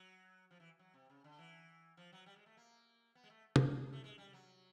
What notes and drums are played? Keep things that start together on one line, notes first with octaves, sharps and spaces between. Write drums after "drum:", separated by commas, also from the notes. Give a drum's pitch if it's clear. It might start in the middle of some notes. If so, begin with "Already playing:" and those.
Already playing: F#3
F3
E3
F#3
C3
C#3
D3
E3
F3
F#3
G3
G#3
A3
A#3
B3
G#3
A3
drum: tom C3
A3
G#3
G3
F#3